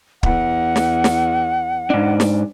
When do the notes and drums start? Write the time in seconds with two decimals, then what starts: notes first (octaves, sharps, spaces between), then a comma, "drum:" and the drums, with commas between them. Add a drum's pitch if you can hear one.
0.23 E2 F#5, drum: kick
0.76 drum: snare
1.04 drum: snare
1.90 G#2 D4
2.20 drum: snare